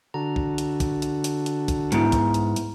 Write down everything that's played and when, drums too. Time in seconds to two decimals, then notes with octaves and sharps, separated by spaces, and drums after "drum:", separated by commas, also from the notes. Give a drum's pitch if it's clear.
0.14 D3 F#4 A4 A#5
0.36 drum: kick
0.58 drum: hi-hat
0.80 drum: kick, hi-hat
1.02 drum: hi-hat
1.24 drum: hi-hat
1.46 drum: hi-hat
1.68 drum: kick, hi-hat
1.92 G#2 B3 E4, drum: hi-hat
2.12 drum: kick, hi-hat
2.34 drum: hi-hat
2.56 drum: hi-hat